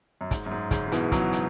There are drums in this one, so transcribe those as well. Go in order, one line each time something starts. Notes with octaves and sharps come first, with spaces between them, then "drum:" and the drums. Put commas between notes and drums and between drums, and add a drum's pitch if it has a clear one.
F#2
G#2, drum: kick, hi-hat
F#2
G#2
G#2 C#3, drum: kick, hi-hat
C#3
B2 E3, drum: hi-hat
C#3 F#3, drum: kick, hi-hat
drum: hi-hat